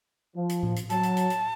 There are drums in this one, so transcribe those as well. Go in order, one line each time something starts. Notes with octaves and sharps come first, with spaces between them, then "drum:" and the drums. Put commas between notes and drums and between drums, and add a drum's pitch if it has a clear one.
F3
drum: hi-hat
drum: tom A2
drum: hi-hat
F#3 A5, drum: hi-hat
drum: hi-hat
drum: hi-hat
drum: hi-hat